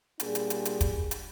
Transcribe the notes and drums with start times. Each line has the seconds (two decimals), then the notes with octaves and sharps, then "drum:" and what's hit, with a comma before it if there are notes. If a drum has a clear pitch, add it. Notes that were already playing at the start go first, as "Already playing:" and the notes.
0.20 A#2 G3 D4 G#4, drum: hi-hat
0.35 drum: hi-hat
0.50 drum: hi-hat
0.65 drum: hi-hat
0.81 drum: kick, hi-hat
1.11 drum: hi-hat